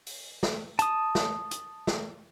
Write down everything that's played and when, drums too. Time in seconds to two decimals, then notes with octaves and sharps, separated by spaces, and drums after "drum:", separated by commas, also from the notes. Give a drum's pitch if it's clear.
0.07 drum: open hi-hat
0.43 drum: snare
0.79 A5 D#6, drum: hi-hat
1.15 drum: snare
1.51 drum: hi-hat
1.87 drum: snare